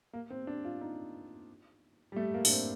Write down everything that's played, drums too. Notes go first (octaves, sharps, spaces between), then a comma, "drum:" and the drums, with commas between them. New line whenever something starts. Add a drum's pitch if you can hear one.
A#3
C4
D4
F4
D#4
G3
A3
A#3
D4, drum: open hi-hat
C4